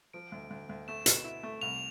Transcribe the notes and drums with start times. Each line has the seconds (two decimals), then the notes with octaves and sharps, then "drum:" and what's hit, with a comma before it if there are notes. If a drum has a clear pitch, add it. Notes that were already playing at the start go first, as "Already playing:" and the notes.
0.13 F3 D7
0.32 D2
0.50 D2
0.69 D2
0.88 A3 E7
1.06 B2, drum: hi-hat
1.24 E4
1.43 A3
1.61 C2 F7